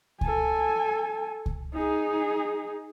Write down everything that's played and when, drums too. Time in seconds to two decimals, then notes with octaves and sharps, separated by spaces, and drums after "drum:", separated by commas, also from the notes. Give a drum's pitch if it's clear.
0.21 A4 G#5, drum: kick C#2
1.46 drum: kick C#2
1.74 D#4 G#4